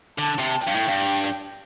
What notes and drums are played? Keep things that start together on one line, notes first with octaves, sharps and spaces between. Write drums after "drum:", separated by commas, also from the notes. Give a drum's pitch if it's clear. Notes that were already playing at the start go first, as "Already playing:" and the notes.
D3 A5
C3, drum: hi-hat
G5, drum: hi-hat
G2
A2
G2
drum: hi-hat